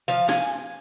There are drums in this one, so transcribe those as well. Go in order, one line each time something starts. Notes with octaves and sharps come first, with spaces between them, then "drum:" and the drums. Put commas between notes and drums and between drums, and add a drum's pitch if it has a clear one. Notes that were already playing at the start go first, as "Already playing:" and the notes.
F3 F5
G#5, drum: snare